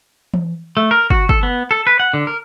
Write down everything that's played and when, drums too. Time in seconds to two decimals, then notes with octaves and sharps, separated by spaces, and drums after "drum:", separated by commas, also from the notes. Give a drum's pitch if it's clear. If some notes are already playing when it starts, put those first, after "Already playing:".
0.34 drum: tom E3
0.77 A3
0.91 A#4
1.10 F#4, drum: kick
1.29 A4, drum: kick
1.43 B3
1.71 A4
1.87 B4
2.00 F#5
2.14 D3
2.27 A#4